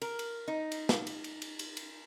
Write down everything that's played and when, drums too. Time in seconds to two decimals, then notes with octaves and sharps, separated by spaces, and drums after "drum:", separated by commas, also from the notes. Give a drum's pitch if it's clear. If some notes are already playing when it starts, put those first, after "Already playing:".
0.02 A#4, drum: cymbal
0.19 drum: cymbal
0.48 D#4
0.72 drum: cymbal
0.89 drum: snare
1.07 drum: cymbal
1.24 drum: cymbal
1.42 drum: cymbal
1.59 drum: cymbal
1.77 drum: cymbal